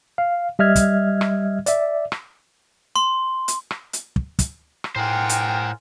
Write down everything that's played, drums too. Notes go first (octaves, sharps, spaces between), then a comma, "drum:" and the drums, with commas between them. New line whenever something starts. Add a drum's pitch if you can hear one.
F5
G3 D#5 E5 F6 G#6
drum: kick, hi-hat
drum: rim click
D5 E5, drum: hi-hat
drum: rim click
C6
drum: hi-hat
drum: rim click
drum: hi-hat
drum: kick
drum: kick, hi-hat
drum: rim click
A2 F4 G#4 A#4 C5 F#5 G5
drum: hi-hat